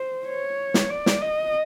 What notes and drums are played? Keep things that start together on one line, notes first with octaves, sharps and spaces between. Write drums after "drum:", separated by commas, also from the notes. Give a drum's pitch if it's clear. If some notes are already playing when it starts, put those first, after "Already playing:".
Already playing: C5
C#5
drum: snare
D5
drum: snare
D#5